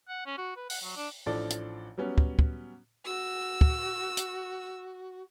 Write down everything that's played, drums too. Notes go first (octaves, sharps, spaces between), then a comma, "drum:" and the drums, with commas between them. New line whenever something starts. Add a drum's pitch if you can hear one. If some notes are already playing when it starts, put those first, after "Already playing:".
F#5
C#4
F#4
B4
F#5, drum: open hi-hat
F#3
D4
A1 F3 D4 A4 D5
drum: hi-hat
F#3 G3 B3 C#4
drum: kick
drum: kick
F#4 E6
drum: kick
drum: hi-hat